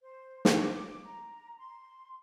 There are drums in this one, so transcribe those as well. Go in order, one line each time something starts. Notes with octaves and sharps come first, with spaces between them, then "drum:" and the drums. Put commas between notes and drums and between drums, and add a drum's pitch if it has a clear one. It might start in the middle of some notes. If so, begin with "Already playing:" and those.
C5
drum: snare
D6
A#5
C6